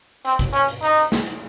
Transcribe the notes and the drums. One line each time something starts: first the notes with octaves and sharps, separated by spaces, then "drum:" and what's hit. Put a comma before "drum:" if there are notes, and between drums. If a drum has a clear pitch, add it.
C4, drum: hi-hat
drum: kick, hi-hat
C#4, drum: hi-hat
drum: hi-hat
D#4, drum: hi-hat
drum: hi-hat
drum: snare
drum: hi-hat